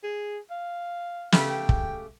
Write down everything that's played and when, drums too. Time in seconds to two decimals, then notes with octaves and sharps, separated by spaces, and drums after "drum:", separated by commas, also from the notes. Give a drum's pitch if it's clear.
0.03 G#4
0.51 F5
1.32 C#3 A3 G4, drum: snare
1.50 G5
1.69 drum: kick